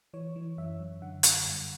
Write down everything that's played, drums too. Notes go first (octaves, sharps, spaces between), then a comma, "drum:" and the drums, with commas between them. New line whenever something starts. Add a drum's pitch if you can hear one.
E3 C#5
E3
F#2 E5
F#2
D3 F#5
D3, drum: hi-hat
G2